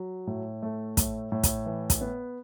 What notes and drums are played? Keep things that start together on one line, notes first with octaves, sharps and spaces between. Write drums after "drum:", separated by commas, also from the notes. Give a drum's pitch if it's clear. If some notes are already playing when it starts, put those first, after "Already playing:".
Already playing: F#3
A2
A3
A2, drum: kick, hi-hat
A2
drum: kick, hi-hat
E3
drum: kick, hi-hat
B3